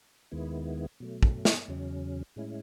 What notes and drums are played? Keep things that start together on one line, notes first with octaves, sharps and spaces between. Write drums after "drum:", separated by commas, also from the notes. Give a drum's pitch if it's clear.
D#2 D#3 G#3 B3 E4
B2 F#3 A3
drum: kick
drum: snare
E2 C#3 F#3 C#4
A2 G#3 C#4 E4